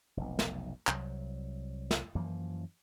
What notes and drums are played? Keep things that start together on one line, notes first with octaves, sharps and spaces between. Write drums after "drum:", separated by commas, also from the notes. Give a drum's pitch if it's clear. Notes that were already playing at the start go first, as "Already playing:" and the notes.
F1 B1
drum: snare
C2 F#3, drum: clap
drum: snare
F#2 E3 F3 A#3